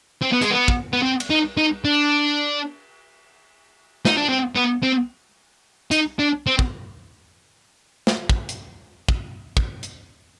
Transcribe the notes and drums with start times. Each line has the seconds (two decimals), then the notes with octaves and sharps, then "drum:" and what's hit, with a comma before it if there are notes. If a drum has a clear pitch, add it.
0.22 C4
0.32 B3
0.42 G#3, drum: hi-hat
0.51 B3
0.68 drum: kick
0.93 B3
1.03 C4
1.20 drum: cymbal
1.30 D#4
1.58 D#4
1.85 D4
4.05 D#4, drum: snare
4.17 D4
4.29 C4
4.56 B3
4.83 C4
5.91 D#4, drum: hi-hat
6.19 D4
6.47 C4
6.59 drum: kick
8.07 drum: snare
8.29 drum: kick
8.49 drum: hi-hat
9.08 drum: kick
9.57 drum: kick
9.83 drum: hi-hat